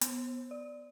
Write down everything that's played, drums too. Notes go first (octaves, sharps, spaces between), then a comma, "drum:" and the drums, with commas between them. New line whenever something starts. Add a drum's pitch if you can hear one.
B3, drum: hi-hat
D5